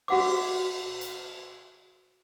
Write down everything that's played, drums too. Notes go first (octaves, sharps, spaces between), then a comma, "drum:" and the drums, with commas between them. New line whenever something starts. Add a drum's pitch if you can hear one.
F#4 F#5 D6, drum: cymbal
drum: hi-hat